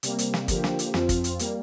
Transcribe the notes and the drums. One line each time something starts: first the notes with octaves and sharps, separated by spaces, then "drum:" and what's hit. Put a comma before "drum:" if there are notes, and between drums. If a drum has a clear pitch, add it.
C3 G3 A#3, drum: hi-hat
drum: hi-hat
drum: snare
D3 F3 A#3 G4, drum: kick, hi-hat
drum: snare
drum: hi-hat
F2 F3 C4 F4, drum: snare
drum: kick, hi-hat
drum: hi-hat
G3 A#3, drum: hi-hat